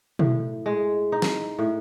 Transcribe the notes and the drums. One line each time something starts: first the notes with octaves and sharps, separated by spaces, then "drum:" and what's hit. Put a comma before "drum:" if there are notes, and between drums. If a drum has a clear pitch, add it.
A2, drum: tom B2
G#3
D#4
drum: snare
A2